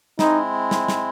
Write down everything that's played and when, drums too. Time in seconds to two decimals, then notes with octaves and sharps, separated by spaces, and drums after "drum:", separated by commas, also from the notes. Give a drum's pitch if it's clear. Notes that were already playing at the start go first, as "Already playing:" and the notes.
0.19 G#3 C4 D#4 E4, drum: snare
0.71 drum: snare
0.88 drum: snare